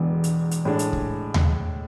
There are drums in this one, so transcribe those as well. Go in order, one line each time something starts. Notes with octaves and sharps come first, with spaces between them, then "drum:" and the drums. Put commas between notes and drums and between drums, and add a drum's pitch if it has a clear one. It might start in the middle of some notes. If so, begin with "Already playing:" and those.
Already playing: E1 E2 D3 E3 G#3 B3
drum: hi-hat
drum: hi-hat
A2 G#3 D4
drum: hi-hat
drum: kick
drum: tom D#2